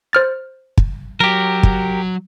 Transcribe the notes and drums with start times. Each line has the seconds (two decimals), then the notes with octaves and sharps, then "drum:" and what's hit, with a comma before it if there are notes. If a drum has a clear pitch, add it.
0.13 C5 F6 A6
0.78 drum: kick
1.20 F#3 G4 A#4
1.63 drum: kick